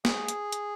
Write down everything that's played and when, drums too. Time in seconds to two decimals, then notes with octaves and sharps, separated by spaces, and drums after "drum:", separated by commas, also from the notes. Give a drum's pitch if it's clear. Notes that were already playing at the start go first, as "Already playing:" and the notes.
0.05 G#4, drum: snare
0.28 drum: hi-hat
0.52 drum: hi-hat